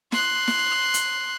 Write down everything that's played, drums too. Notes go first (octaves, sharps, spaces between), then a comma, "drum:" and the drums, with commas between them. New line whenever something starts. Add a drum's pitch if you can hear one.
C6 F#6, drum: snare
drum: snare
drum: hi-hat